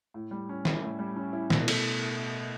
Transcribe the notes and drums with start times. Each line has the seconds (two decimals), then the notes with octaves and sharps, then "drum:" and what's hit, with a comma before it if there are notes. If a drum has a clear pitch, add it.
0.14 A2
0.31 G3
0.49 C#4
0.65 E4, drum: snare
0.82 A2
0.99 G3
1.16 C#4
1.33 E4
1.50 B2, drum: snare
1.68 A3, drum: cymbal